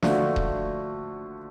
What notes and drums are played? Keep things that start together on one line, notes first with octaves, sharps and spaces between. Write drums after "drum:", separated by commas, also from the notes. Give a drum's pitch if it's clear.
D3 F3 A3 D4 F#4, drum: snare
drum: kick D#1